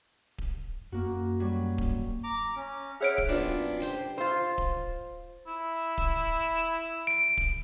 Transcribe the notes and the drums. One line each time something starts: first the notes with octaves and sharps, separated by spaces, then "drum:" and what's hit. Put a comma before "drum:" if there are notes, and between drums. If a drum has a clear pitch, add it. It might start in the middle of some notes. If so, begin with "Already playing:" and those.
drum: kick D1
F#2 A#3 F#4
F#3 G3
drum: kick D1
A#5 D6
C#4
G#4 C#5 E5 F#5 F6 D7
drum: kick D1
F#2 B3 C4 D4 F4 D5
G4 C5 G5
F4 C5
drum: kick D1
E4
drum: kick D1
D7
drum: kick D1